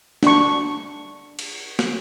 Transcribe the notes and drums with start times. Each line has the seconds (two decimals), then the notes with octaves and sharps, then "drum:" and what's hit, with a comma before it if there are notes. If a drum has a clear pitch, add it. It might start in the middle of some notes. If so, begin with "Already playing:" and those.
0.23 D4 C#6, drum: snare
1.39 drum: cymbal
1.79 drum: snare